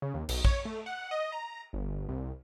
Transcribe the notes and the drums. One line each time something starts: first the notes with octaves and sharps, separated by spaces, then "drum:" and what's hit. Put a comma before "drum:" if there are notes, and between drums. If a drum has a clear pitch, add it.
C#3
D#2
B1, drum: cymbal
C#5, drum: kick
A3
F#5
D#5
A#5
G1
C2